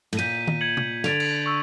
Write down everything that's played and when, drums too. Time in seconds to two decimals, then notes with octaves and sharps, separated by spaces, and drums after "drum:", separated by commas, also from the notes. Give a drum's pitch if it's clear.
0.13 A2, drum: cymbal
0.17 A#2 G6 B6 D#7
0.47 drum: tom D#3
0.61 G#6 C#7 F#7
0.77 drum: tom C3
1.04 D3 A6 D7 F7, drum: snare
1.20 drum: cymbal
1.46 C#6 E6